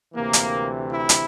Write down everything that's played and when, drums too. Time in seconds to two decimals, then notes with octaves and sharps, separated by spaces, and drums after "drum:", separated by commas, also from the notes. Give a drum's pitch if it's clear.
0.14 D2 C3 E3 A#3
0.33 drum: hi-hat
0.90 E4
1.09 drum: hi-hat